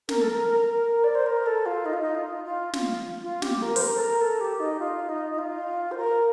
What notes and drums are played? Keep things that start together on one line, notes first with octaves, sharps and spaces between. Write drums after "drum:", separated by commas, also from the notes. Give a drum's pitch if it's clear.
A#4, drum: snare
A4
A#4
A#4
A#4
D5
C5
A#4
A4
F4
D#4
F4
D#4
F4
F4
F4, drum: snare
F4
G4, drum: snare
A#4
C5, drum: open hi-hat
A#4
A4
A#4
A4
G4
D#4
F4
D#4
D#4
F4
C5
A#4